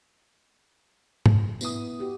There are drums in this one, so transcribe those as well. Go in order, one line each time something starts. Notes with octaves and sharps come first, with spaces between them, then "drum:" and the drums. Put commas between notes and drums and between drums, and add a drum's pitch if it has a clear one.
drum: tom G#2
B3 E4 D#6, drum: tambourine
F#4 G4